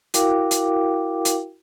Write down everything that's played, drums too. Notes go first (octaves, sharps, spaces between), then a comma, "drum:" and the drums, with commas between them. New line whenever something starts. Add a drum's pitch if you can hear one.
E4 F#4 A#4 F5 G5 D6, drum: hi-hat
drum: hi-hat
drum: hi-hat